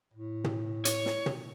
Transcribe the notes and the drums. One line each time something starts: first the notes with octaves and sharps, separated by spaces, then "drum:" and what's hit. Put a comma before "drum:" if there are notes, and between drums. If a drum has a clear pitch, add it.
A2
drum: tom
C#5, drum: hi-hat
drum: snare
drum: tom